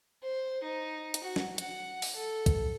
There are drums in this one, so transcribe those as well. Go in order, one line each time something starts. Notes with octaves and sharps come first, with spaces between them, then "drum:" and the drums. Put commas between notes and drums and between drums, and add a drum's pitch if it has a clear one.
C5
D#4
drum: hi-hat
F#4
drum: snare
F#5, drum: hi-hat
drum: open hi-hat
A4
drum: kick, hi-hat